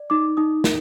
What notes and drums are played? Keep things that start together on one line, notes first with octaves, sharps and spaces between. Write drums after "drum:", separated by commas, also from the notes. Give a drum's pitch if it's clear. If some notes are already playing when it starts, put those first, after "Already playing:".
Already playing: D5
D#4 D6
D#4 D#6
A#4, drum: snare